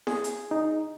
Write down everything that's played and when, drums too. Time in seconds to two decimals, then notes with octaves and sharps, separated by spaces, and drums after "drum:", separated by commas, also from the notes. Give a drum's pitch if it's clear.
0.07 G#4, drum: snare E4
0.24 drum: hi-hat
0.51 D#4